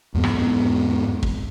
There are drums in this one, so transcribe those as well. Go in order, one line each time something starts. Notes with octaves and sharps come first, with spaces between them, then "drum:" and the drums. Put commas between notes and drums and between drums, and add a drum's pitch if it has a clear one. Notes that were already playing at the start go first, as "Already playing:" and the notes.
E2 G#2 B3
drum: rim click
drum: kick